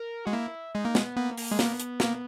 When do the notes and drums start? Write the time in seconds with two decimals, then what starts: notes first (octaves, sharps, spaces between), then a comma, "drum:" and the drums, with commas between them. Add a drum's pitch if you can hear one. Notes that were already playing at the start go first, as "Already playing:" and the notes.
Already playing: A#4
0.25 G#3 F#4
0.33 A#3 E4
0.74 G#3 D#4
0.85 A#3
0.95 G#3 B3, drum: snare
1.17 A#3 B3
1.37 A#3, drum: open hi-hat
1.51 G#3
1.59 A#3 B3, drum: snare
1.80 drum: hi-hat
2.00 A#3, drum: snare